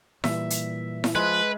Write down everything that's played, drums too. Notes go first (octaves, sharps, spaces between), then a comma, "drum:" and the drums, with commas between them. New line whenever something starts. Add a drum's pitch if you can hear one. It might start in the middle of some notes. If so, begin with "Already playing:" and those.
A#2 E3 G3 E5, drum: snare E4
drum: hi-hat
drum: snare E4
F3 G#3 B4